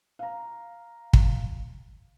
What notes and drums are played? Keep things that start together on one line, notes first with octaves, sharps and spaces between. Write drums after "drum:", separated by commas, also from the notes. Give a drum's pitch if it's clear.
F5 A#5
drum: kick